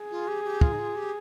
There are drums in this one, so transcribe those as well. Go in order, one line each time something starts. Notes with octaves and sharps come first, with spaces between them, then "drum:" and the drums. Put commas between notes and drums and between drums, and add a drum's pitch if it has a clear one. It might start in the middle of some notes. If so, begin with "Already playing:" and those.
Already playing: G#4
F4
G4
G4
F4, drum: kick
D#4
F4
G4